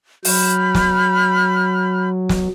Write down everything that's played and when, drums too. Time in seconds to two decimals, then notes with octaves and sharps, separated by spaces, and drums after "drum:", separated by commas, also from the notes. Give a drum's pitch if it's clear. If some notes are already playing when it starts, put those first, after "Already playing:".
0.25 F#3 B5 F6 G6, drum: open hi-hat
0.75 drum: snare
2.29 drum: snare